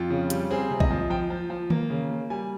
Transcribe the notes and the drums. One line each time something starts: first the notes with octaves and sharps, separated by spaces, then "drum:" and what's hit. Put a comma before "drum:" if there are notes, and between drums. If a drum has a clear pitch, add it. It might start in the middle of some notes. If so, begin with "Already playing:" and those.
Already playing: F2 F4
C#3
G3, drum: hi-hat
C4 G#4
C3
D#5, drum: kick A#1
F3
F3 G5
F3
F3
A#3, drum: tom D#3
C#3
A#3
G3 G#5